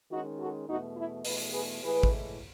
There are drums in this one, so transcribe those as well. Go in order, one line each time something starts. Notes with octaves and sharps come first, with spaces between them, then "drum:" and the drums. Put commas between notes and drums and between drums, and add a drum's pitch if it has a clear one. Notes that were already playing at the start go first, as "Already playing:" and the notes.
D#3 G#3 C#4 D#4 F#4
F#4 A4
E2 B2 A3 D#4 F#4
E4
E2 B2 A3 B4 D#5, drum: open hi-hat
G#4 B4
A2 E3 G#3 G#4 B4
drum: kick